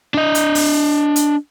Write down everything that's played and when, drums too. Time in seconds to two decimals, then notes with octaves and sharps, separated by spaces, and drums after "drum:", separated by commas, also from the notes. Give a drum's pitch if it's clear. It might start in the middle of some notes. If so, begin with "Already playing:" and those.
0.14 D4 D#5
0.35 drum: hi-hat
0.55 drum: open hi-hat
1.16 drum: hi-hat